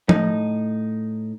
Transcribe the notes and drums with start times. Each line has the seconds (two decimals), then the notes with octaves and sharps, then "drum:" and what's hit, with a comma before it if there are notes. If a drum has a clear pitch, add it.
0.09 A2 D#4, drum: tom F3